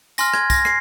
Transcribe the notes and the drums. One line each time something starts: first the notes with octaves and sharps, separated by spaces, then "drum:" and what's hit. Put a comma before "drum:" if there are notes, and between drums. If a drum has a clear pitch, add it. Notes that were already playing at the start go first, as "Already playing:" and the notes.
G#5 C6 F6 A#6, drum: tambourine
G#6, drum: rim click
A#6, drum: kick, tambourine
C7, drum: rim click